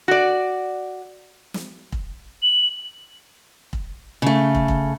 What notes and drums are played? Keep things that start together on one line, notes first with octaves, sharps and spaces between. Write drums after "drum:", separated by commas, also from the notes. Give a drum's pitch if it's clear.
F#4 D5
drum: snare
drum: kick
F#7
drum: kick
C#3 A3
drum: kick
drum: kick